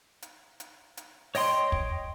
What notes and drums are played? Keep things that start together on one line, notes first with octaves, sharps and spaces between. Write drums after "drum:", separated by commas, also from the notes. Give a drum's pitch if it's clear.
drum: hi-hat
drum: hi-hat
drum: hi-hat
C#5 D#5 G5 C6, drum: open hi-hat
drum: kick